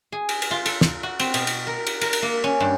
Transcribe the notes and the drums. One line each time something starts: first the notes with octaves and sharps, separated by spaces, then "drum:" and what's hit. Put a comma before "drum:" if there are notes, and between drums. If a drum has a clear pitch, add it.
G#4
drum: cymbal
drum: cymbal
F4
A4, drum: cymbal
drum: snare
F#4
C4, drum: cymbal
B2, drum: cymbal
drum: cymbal
A#4
drum: cymbal
A#4, drum: cymbal
drum: cymbal
A#3
C#4
G2